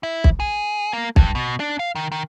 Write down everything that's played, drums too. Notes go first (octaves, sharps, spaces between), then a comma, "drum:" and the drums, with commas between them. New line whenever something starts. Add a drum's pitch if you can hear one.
E4
drum: kick B1
G#4
A#3
G2, drum: kick B1
B2
D4
F5
D#3
D#3